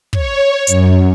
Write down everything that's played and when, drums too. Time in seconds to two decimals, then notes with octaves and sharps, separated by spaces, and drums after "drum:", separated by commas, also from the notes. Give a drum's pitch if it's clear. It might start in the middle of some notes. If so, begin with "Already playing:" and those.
0.13 C#5, drum: kick
0.67 F#2, drum: hi-hat